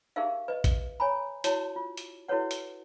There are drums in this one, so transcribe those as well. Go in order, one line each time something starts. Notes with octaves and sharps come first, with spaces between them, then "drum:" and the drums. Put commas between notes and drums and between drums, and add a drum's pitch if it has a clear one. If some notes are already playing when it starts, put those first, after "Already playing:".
D#4 G4 G#4 A#4 E5 F5
B4 D#5
drum: kick A#1, hi-hat
C#5 G#5 A#5 B5
E4 F#4 C#5 A5, drum: hi-hat
F4
drum: hi-hat
E4 F#4 A4 B4 C#5 F#5
drum: hi-hat